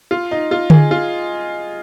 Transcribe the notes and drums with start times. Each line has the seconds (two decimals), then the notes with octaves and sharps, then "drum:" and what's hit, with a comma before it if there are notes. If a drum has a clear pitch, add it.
0.11 F4
0.31 D#4
0.51 F4
0.70 G#4, drum: tom D3
0.91 F4